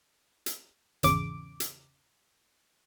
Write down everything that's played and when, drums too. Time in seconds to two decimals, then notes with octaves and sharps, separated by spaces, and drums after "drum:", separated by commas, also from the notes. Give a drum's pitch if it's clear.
0.46 drum: hi-hat
1.03 G#1 E2 C#3 D6, drum: hi-hat
1.60 drum: hi-hat